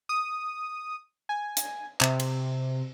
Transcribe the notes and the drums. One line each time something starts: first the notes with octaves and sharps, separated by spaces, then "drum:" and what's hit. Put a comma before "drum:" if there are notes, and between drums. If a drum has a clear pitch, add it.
D#6
G#5
drum: hi-hat
C3, drum: clap
drum: cymbal